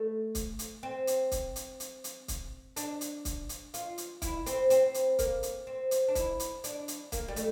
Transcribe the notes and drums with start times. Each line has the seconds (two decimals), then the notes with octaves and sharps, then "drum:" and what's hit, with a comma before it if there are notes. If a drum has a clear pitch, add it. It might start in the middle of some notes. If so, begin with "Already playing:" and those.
Already playing: A3
0.35 drum: kick C#1, hi-hat
0.59 drum: hi-hat
0.83 C4
1.07 drum: hi-hat
1.31 drum: kick C#1, hi-hat
1.56 drum: hi-hat
1.80 drum: hi-hat
2.04 drum: hi-hat
2.28 drum: kick C#1, hi-hat
2.76 D4, drum: hi-hat
3.01 drum: hi-hat
3.25 drum: kick C#1, hi-hat
3.49 drum: hi-hat
3.74 F4, drum: hi-hat
3.98 drum: hi-hat
4.22 E4, drum: kick C#1, hi-hat
4.46 C4, drum: hi-hat
4.70 C4, drum: hi-hat
4.94 drum: hi-hat
5.19 A#3, drum: kick C#1, hi-hat
5.43 drum: hi-hat
5.67 C4
5.91 drum: hi-hat
6.08 D4
6.15 E4, drum: kick C#1, hi-hat
6.40 drum: hi-hat
6.64 D4, drum: hi-hat
6.88 drum: hi-hat
7.12 A#3, drum: kick C#1, hi-hat
7.28 G3
7.36 A3, drum: hi-hat